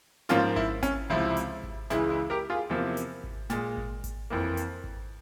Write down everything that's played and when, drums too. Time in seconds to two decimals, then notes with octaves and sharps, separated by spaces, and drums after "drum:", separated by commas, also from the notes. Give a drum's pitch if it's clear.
0.29 G#2 F3 A#3 C#4 F4, drum: snare
0.56 E4, drum: kick G#1
0.83 C#4, drum: kick G#1, hi-hat
1.10 C#2 C3 F3 E4
1.37 drum: hi-hat
1.63 drum: kick G#1
1.90 C#2 C#3 E3 G#3 E4, drum: snare
2.10 E4
2.30 G4 A#4
2.50 F4 G#4
2.70 E2 C3 F3 A#3
2.97 drum: hi-hat
3.24 drum: kick G#1
3.50 A#2 G#3, drum: snare
3.77 drum: kick G#1
4.04 drum: kick G#1, hi-hat
4.30 F2 E3 A#3
4.57 drum: hi-hat
4.84 drum: kick G#1